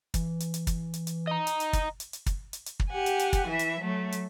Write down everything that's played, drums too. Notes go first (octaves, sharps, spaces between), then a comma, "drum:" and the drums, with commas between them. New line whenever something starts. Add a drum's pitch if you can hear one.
E3, drum: kick, hi-hat
drum: hi-hat
drum: hi-hat
drum: kick, hi-hat
drum: hi-hat
drum: hi-hat
D#5 A#5
drum: hi-hat
drum: hi-hat
drum: kick, hi-hat
drum: hi-hat
drum: hi-hat
drum: kick, hi-hat
drum: hi-hat
drum: hi-hat
drum: kick
G4 F#5 G#5
drum: hi-hat
drum: hi-hat
drum: kick, hi-hat
E3 E5
drum: hi-hat
F#3 A3
drum: hi-hat